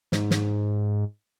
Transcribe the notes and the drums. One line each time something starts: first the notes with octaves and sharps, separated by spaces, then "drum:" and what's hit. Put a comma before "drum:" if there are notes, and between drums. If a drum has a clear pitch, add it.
G#2, drum: snare
drum: snare